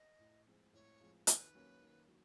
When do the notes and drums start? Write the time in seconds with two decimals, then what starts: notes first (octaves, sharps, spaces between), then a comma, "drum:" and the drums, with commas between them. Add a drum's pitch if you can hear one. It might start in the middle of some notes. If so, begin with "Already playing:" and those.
Already playing: D#5
0.19 A2
0.45 F3 G#3 C4
0.73 A2 C#5
1.00 F3 G#3 C4
1.27 D#3 B4, drum: hi-hat
1.54 F#3 A#3 C#4
1.82 D#3
2.08 F#3